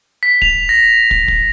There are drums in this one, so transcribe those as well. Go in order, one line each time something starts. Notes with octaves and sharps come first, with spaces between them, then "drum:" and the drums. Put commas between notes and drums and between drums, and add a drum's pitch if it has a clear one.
B6
F7, drum: kick
A#6
drum: kick
drum: kick